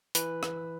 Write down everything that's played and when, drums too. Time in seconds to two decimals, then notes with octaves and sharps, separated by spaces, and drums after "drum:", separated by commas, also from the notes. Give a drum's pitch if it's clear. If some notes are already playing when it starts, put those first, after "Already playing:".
0.15 E3 B4, drum: hi-hat
0.43 drum: rim click